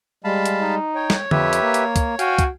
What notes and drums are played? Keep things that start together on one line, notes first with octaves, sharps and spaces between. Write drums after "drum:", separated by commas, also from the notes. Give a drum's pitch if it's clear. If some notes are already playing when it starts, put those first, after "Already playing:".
G3 G#3 F5 A5 B5
drum: hi-hat
D#4
C#5 G5
drum: snare
F2 G4 B4 E5, drum: tom D3
drum: hi-hat
A#3
drum: hi-hat
drum: kick, hi-hat
F#4 F5 G5 G#5, drum: hi-hat
drum: kick, hi-hat